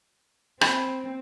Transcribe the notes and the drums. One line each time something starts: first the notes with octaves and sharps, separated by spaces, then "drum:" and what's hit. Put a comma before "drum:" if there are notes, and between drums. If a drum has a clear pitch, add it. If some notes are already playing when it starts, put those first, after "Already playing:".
C4 B5, drum: rim click